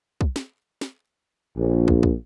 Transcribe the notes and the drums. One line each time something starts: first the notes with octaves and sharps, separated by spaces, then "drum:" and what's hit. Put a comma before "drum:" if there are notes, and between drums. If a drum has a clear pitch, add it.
drum: kick
drum: snare
drum: snare
A#1
drum: kick
drum: kick